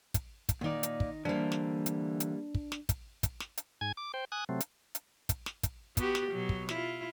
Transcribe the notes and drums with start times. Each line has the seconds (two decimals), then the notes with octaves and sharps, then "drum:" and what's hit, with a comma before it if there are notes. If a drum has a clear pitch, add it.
0.14 drum: kick, hi-hat
0.49 drum: kick, hi-hat
0.61 A#2 D#3 D#4 D5
0.83 drum: hi-hat
1.00 drum: kick
1.25 D3 E3 G3 A#3 D4 C5
1.52 drum: snare
1.86 drum: hi-hat
2.20 drum: hi-hat
2.55 drum: kick
2.72 drum: snare
2.89 drum: kick, hi-hat
3.23 drum: kick, hi-hat
3.40 drum: snare
3.57 drum: hi-hat
3.81 G#2 G#5 G#6
3.97 D6
4.14 C5 G5
4.32 G#5 D#6 F#6
4.49 C3 F#3 A3 C4
4.60 drum: hi-hat
4.95 drum: hi-hat
5.29 drum: kick, hi-hat
5.46 drum: snare
5.63 drum: kick, hi-hat
5.97 B3 F#4 G4, drum: kick, hi-hat
6.15 drum: snare
6.32 B2 F#3
6.49 drum: kick
6.69 E4 F4, drum: snare